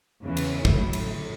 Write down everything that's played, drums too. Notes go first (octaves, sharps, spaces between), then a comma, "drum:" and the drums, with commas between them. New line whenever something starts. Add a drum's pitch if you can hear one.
E2 C#3 E3
drum: cymbal
A2 F#3 A3 E4, drum: kick
drum: cymbal